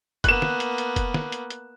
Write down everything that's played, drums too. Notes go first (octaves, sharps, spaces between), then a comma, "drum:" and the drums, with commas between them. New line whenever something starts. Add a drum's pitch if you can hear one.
A#3 B3 F#6 E7, drum: kick F1, hi-hat
drum: snare
drum: hi-hat
drum: hi-hat
drum: kick F1, hi-hat
drum: snare
drum: hi-hat
drum: hi-hat